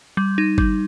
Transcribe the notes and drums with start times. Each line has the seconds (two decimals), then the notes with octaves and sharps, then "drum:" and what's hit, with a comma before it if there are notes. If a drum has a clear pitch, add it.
0.17 G3
0.38 D#4
0.58 G3, drum: kick G1